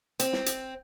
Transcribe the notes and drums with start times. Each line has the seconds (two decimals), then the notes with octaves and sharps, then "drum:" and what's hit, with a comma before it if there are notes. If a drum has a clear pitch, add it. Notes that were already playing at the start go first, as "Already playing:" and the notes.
0.20 C4, drum: hi-hat
0.33 drum: snare
0.46 drum: hi-hat